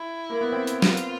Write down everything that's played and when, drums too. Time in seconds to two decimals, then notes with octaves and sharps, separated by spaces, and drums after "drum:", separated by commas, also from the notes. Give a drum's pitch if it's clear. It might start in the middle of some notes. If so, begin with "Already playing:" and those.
Already playing: E4
0.30 A#3
0.41 B3
0.52 C4
0.67 drum: hi-hat
0.82 F4, drum: snare
0.97 drum: hi-hat